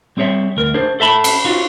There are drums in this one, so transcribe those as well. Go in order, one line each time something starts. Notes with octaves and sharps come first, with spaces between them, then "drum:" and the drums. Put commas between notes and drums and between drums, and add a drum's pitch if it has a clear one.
G3 C4 G#4 C#5 E5
D2 A#4
D4 G#4 C5
A4 E5 A5 B5
drum: cymbal
D#4 F4 F#4